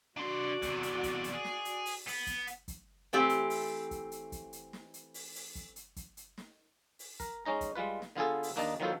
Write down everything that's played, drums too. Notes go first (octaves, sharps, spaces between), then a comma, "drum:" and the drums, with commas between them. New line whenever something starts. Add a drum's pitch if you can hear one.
D4 F#4 D5 C6
E2 C3, drum: kick, hi-hat
drum: hi-hat
drum: kick, hi-hat
drum: hi-hat
G#4
drum: snare
drum: hi-hat
drum: open hi-hat
B3, drum: open hi-hat
drum: kick, hi-hat
drum: hi-hat
drum: kick, hi-hat
E3 A3 C4 G4
drum: hi-hat
drum: open hi-hat
drum: kick, hi-hat
drum: hi-hat
drum: kick, hi-hat
drum: hi-hat
drum: snare
drum: hi-hat
drum: open hi-hat
drum: open hi-hat
drum: kick, hi-hat
drum: hi-hat
drum: kick, hi-hat
drum: hi-hat
drum: snare
drum: open hi-hat
A#4, drum: kick, hi-hat
G#3 C#4 D#4 A#5
drum: kick, hi-hat
G3 G#3 F4 B4
drum: snare
D3 B3 F4 G#4 A4
drum: open hi-hat
D#2 A#3 D4 D#4 D#5 A5
D#3 F#3 B3 F4 A4 C5